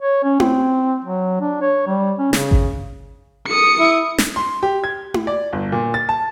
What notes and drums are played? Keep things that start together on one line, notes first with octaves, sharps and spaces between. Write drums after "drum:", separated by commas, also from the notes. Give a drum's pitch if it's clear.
C#5
C#4
C4, drum: tom E4
F#3
D4
C#5
G3
C#4
C#3, drum: snare
drum: kick G#1
D#6 C#7
E4
drum: snare
C6
G4
G#6
drum: tom E4
D5
G1
A#2
A6
A5